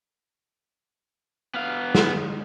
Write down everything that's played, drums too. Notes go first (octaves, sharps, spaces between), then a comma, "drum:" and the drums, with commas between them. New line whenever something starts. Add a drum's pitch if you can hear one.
B3 F5
drum: snare